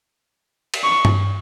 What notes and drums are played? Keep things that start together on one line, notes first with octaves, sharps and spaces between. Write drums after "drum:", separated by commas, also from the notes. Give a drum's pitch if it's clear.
drum: cymbal
C#6
drum: tom G2